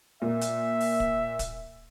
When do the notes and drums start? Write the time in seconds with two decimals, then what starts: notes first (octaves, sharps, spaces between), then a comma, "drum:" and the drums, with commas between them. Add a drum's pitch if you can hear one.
0.22 A#2 A#3 E5
0.41 drum: hi-hat
0.80 drum: open hi-hat
1.00 drum: kick
1.39 drum: kick, hi-hat